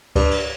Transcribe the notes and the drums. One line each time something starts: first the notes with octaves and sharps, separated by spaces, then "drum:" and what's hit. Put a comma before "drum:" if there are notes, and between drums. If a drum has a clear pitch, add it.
G2, drum: kick C#2, cymbal
drum: cymbal